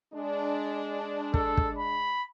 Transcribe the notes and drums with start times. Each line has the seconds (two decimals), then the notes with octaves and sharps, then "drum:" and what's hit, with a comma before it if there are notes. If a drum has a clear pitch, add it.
0.14 G#3 D4
1.34 A4, drum: kick
1.57 drum: kick
1.78 B5